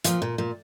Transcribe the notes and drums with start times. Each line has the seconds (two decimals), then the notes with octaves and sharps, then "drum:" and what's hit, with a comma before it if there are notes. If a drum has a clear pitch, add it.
0.04 A#2 F3, drum: hi-hat
0.22 A#2
0.38 A#2